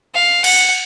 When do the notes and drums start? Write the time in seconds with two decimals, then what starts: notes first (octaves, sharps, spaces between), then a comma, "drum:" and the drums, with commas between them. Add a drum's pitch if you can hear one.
0.15 F5
0.44 F#5, drum: cymbal